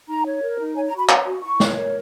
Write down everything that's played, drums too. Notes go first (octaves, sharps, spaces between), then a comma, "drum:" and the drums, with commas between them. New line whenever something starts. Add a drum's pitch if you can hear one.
D#4 A#5
C#5
A#4
D#4
C#5 G#5
A#5
F#4
B5
C#5, drum: clap
F#4
E4 C#6
C#5, drum: snare
A#4